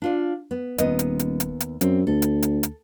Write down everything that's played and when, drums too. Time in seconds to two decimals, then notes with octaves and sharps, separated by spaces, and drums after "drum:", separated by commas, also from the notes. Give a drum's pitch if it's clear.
0.02 D4 F4 D5
0.51 B3
0.78 D#1 D#2 B3 D#5, drum: hi-hat
0.99 drum: hi-hat
1.19 drum: hi-hat
1.40 drum: hi-hat
1.60 drum: hi-hat
1.81 F#2 C4, drum: hi-hat
2.07 D2 A4
2.22 drum: hi-hat
2.43 drum: hi-hat
2.63 drum: hi-hat